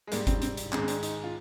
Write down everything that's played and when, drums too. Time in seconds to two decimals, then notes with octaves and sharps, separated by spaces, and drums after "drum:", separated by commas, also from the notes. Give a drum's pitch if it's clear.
0.07 G#3
0.12 G#2 G3 A#3, drum: hi-hat
0.27 C4, drum: kick G1, hi-hat
0.37 D4
0.42 C4, drum: hi-hat
0.57 drum: hi-hat
0.72 G#2 D#3 G#3 C4, drum: clap
0.83 C4
0.88 D4, drum: hi-hat
1.03 D#4, drum: hi-hat
1.24 F4